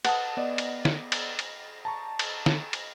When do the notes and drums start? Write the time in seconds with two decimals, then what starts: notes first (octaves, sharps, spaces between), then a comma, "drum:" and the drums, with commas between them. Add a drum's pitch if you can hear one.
0.05 B4 F#5 A5 D#6, drum: cymbal
0.37 B3 D5 D#5
0.58 drum: cymbal
0.85 drum: snare
1.12 drum: cymbal
1.39 drum: cymbal
1.85 A5 A#5 C#6
2.19 drum: cymbal
2.46 drum: snare
2.73 drum: cymbal